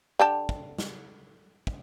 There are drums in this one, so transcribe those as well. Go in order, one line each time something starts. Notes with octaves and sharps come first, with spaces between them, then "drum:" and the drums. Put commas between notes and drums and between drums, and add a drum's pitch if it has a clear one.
D3 G4 A5
drum: kick
drum: snare
drum: kick